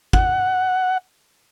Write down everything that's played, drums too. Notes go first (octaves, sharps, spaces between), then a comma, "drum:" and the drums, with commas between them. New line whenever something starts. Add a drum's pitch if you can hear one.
F#5, drum: kick